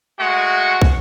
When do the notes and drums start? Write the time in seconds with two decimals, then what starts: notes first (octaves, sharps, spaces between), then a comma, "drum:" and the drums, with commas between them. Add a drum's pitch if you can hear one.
0.19 G#3 A3 F#4 F#5 C#6
0.82 drum: kick